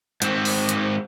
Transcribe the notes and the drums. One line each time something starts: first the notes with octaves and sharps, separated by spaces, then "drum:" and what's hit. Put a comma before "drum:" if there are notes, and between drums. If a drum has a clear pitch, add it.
G#2 C4, drum: hi-hat
drum: open hi-hat
drum: hi-hat